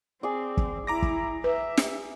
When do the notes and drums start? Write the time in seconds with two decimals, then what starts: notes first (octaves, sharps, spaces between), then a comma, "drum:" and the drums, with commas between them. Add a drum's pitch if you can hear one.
0.23 C4 G#4 D5
0.57 drum: kick
0.87 E4 A#5 D6 A#6
1.02 drum: kick
1.44 B4 E5
1.77 drum: snare